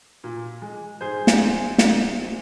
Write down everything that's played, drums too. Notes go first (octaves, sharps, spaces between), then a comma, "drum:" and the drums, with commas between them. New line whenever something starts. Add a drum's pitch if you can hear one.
A#2
G#3
G#2 G#4 C5
drum: snare
F3 G#3
G#2, drum: snare
F3 G#3